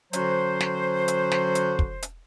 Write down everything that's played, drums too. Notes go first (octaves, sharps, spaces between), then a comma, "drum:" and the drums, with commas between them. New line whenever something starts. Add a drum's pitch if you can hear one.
D3 F#3 C#4 F#4 C5, drum: hi-hat
drum: snare
drum: hi-hat
drum: snare
drum: hi-hat
drum: kick
drum: hi-hat